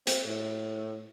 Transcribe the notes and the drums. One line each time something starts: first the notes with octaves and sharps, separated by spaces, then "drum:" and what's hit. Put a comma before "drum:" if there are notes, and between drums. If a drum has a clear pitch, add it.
C4, drum: hi-hat
A2